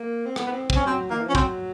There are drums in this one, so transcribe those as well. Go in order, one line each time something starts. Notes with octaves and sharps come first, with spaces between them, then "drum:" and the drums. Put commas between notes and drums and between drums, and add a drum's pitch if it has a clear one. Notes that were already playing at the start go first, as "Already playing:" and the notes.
Already playing: A#3
C4
B3, drum: rim click
B3
C4
C4, drum: kick
C#4
F#3 C4
D#3 A#3
E3
F3 C#4
F#3 C4, drum: kick